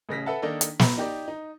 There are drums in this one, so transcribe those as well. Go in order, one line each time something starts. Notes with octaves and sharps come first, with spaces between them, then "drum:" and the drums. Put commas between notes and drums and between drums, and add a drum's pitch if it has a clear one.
A1 C#3 A#6 B6
A4 B4 E5 F#5 A5
D#3 A#3 D4 D#4 A4
drum: hi-hat
A#5 B5, drum: snare
D#4 G4 D5
D#4